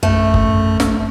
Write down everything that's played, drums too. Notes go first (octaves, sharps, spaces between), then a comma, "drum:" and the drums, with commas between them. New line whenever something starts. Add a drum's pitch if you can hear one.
A#1 F#2 A3
drum: kick F#1
drum: snare